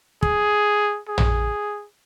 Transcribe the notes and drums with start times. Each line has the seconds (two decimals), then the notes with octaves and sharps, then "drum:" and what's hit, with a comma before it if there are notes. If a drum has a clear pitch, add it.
0.23 G#4, drum: kick
1.08 G#4
1.18 drum: tom